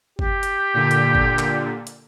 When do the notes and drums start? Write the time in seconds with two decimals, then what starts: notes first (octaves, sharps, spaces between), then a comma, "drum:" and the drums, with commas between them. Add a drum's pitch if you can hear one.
0.19 G4, drum: kick G1
0.43 drum: hi-hat
0.74 A#2 D3
0.91 drum: hi-hat
1.15 drum: kick G1
1.39 drum: clap
1.87 drum: hi-hat